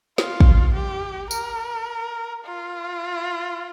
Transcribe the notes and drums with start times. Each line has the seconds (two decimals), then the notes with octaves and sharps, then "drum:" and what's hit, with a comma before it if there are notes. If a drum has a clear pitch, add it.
0.18 F4, drum: snare
0.40 drum: kick
0.75 G4
1.31 A#4, drum: tambourine
2.45 F4